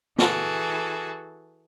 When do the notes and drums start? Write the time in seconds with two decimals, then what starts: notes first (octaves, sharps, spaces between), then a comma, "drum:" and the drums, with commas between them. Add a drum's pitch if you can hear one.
0.18 E3 F#4 G#4 A4, drum: snare